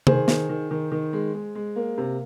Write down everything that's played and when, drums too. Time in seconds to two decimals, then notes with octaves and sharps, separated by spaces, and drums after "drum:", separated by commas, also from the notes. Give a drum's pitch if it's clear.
0.07 D#3 G#4 C5, drum: tom C3
0.28 D#3, drum: snare
0.49 D#3
0.71 D#3
0.92 D#3
1.13 G#3
1.34 G#3
1.55 G#3
1.76 A#3
1.98 C3